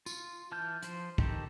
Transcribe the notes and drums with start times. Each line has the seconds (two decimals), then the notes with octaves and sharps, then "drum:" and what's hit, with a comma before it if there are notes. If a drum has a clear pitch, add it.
0.06 F4, drum: tambourine
0.52 E3 A5 F6 G6
0.82 F3 C5, drum: hi-hat
1.18 D#3 D#4 G4 A4, drum: kick